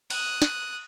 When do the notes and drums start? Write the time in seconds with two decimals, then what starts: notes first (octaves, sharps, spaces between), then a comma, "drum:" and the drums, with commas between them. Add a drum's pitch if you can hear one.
0.10 D#6 F#6, drum: cymbal
0.42 drum: snare